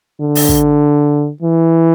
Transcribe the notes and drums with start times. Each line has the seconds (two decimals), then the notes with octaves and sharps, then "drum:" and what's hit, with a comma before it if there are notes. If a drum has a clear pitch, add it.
0.21 D3
0.35 drum: open hi-hat
0.49 drum: kick
1.42 E3